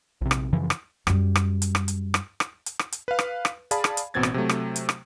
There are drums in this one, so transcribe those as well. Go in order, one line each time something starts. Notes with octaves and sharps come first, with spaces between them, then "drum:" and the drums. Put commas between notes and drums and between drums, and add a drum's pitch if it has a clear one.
A#1 C3
drum: rim click
F#2 C#3 E3 F3
drum: rim click
F#2 G3, drum: rim click
drum: rim click
drum: hi-hat
drum: rim click
drum: hi-hat
drum: rim click
drum: rim click
drum: hi-hat
drum: rim click
drum: hi-hat
B4 F5
drum: rim click
drum: rim click
G#4 D5 F5 A5 B5, drum: hi-hat
drum: rim click
drum: hi-hat
A1 B2 B3 C4 G#6 A6
drum: rim click
C3 F#3 A3
drum: rim click
drum: hi-hat
drum: rim click